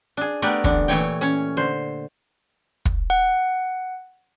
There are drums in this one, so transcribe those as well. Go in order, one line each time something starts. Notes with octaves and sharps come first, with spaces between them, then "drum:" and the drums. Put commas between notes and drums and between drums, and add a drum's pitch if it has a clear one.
D4 G#4
A3 B3 D4 G4 A#4 D5
D3 E3 D4, drum: kick
A#2 E3 A3 C#5 G5
C#4 C#5
D3 C5
drum: kick
F#5